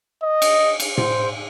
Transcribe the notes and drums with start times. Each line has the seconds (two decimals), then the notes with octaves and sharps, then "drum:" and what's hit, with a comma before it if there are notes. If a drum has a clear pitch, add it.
0.23 D#5
0.42 drum: cymbal
0.80 drum: cymbal
0.98 C5, drum: tom A2